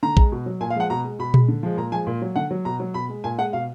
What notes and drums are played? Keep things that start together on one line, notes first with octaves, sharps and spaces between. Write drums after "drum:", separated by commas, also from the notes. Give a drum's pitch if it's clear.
D3 A#5
G#3, drum: kick
B2
F#3
A#2 G#5
F5
F3 G#3 F#5
B2 A#5
G#3
B2 B5
G#3, drum: tom A#2
D3
F3 G#3
A#2 A#5
F3 G#3 G#5
A#2
F#3
D3 F#5
F#3
B2 A#5
F#3
B2 B5
G#3
A#2 G#5
G#3 F#5
B2 F5